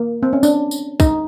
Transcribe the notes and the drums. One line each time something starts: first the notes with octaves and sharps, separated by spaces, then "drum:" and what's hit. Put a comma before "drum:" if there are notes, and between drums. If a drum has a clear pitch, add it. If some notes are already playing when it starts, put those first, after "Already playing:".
Already playing: A#3
C4
C#4
D4, drum: tambourine
drum: tambourine
D#4, drum: kick, tambourine